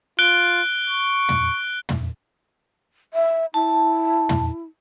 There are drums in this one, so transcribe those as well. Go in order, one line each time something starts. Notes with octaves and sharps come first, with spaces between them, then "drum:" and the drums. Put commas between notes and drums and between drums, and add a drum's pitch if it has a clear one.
F4 F#6 D7 G7
C#6
drum: tom
drum: tom
E5
E4 A5
drum: tom